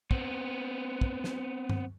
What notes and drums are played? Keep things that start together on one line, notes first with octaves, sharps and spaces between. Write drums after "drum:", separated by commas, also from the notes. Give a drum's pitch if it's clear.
B3 C4, drum: kick
drum: kick
drum: snare
drum: tom G2